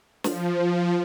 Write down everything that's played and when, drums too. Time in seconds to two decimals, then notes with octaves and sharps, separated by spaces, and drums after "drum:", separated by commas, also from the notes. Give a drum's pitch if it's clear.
0.24 F3, drum: snare